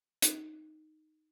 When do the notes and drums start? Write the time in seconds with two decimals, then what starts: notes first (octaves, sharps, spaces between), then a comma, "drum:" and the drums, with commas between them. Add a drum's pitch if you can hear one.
0.22 D#4, drum: hi-hat